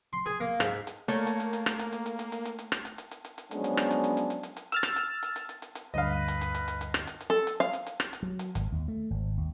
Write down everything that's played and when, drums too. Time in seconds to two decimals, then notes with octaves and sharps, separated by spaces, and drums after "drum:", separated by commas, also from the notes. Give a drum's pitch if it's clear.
0.13 C6
0.26 G#4
0.40 A#3
0.60 G#2, drum: rim click
0.87 drum: hi-hat
1.08 A3 A#3 C#5
1.27 drum: hi-hat
1.40 drum: hi-hat
1.53 drum: hi-hat
1.66 drum: rim click
1.79 drum: hi-hat
1.93 drum: hi-hat
2.06 drum: hi-hat
2.19 drum: hi-hat
2.32 drum: hi-hat
2.45 drum: hi-hat
2.59 drum: hi-hat
2.72 drum: rim click
2.85 drum: hi-hat
2.98 drum: hi-hat
3.11 drum: hi-hat
3.25 drum: hi-hat
3.38 drum: hi-hat
3.51 F3 F#3 G#3 B3 C#4 D4, drum: hi-hat
3.64 drum: hi-hat
3.77 drum: rim click
3.91 drum: hi-hat
4.04 drum: hi-hat
4.17 drum: hi-hat
4.30 drum: hi-hat
4.43 drum: hi-hat
4.57 drum: hi-hat
4.72 E6 F6 A6, drum: hi-hat
4.83 drum: rim click
4.96 drum: hi-hat
5.23 drum: hi-hat
5.36 drum: hi-hat
5.49 drum: hi-hat
5.62 drum: hi-hat
5.75 drum: hi-hat
5.94 D2 G2 D3 B4 D#5 F5
6.28 drum: hi-hat
6.41 drum: hi-hat
6.55 drum: hi-hat
6.68 drum: hi-hat
6.81 drum: hi-hat
6.94 drum: rim click
7.07 drum: hi-hat
7.21 drum: hi-hat
7.30 A4
7.47 drum: hi-hat
7.60 F5, drum: hi-hat
7.73 drum: hi-hat
7.87 drum: hi-hat
8.00 drum: rim click
8.13 drum: hi-hat
8.23 F#3
8.39 drum: hi-hat
8.55 G#1, drum: hi-hat
8.72 D#2
8.88 A3
9.10 G#1
9.37 D#2